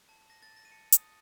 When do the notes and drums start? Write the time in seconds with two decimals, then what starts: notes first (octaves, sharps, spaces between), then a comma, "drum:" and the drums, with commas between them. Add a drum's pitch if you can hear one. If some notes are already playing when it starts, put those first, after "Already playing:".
0.09 A5
0.29 A5 A#6
0.43 A6
0.50 A5
0.56 A#6
0.65 D#7
0.72 A5 C#7
0.92 D#6, drum: hi-hat